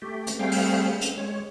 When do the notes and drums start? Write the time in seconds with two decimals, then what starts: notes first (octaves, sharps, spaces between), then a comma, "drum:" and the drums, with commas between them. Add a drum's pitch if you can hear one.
0.02 A3 G4
0.27 drum: hi-hat
0.39 G3 A3 C4 G#4 F5 G5
0.52 drum: open hi-hat
1.01 drum: hi-hat
1.17 G#3 C#5